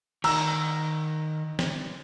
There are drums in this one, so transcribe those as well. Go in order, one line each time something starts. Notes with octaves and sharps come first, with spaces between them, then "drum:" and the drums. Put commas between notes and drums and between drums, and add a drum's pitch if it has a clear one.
D#3 A#5 E6, drum: cymbal
drum: snare